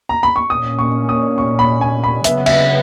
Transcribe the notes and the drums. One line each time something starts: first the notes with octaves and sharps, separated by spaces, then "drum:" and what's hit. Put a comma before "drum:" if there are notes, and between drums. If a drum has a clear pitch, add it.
A#5
B5
C#6
A#2 A#3 C#4 D#6
C#6
D#6
C#6
B5
G#5
B5
C#3 F#3 B3 E5, drum: hi-hat
E5, drum: cymbal